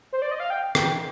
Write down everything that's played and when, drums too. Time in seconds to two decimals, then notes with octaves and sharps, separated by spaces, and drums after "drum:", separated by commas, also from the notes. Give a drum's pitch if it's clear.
0.13 C5
0.22 D5
0.31 D#5
0.40 F5
0.50 G5
0.75 G5, drum: rim click